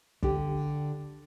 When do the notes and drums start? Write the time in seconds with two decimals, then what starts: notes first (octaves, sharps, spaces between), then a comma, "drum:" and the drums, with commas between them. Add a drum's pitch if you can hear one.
0.23 D3 G4, drum: kick